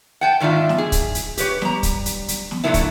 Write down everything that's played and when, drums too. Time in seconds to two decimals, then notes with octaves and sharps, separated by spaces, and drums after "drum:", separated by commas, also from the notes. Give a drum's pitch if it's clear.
0.21 F#5 G5 A5
0.40 G#2 D#3 D4 F4 E5
0.69 drum: snare
0.78 G#4
0.92 drum: kick, hi-hat
1.15 drum: hi-hat
1.37 G4 B4 C#5, drum: hi-hat
1.62 G3 A#5, drum: snare
1.83 drum: kick, hi-hat
2.06 drum: hi-hat
2.28 drum: hi-hat
2.51 drum: snare
2.64 A#2 D3 F#3 A3 B3 E4
2.74 drum: kick, hi-hat